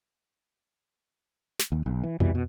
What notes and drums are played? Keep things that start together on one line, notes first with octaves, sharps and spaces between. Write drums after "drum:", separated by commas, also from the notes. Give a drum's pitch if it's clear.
drum: snare
D#2
B1
E3
C2 B2 E3 G3, drum: tom F2
B2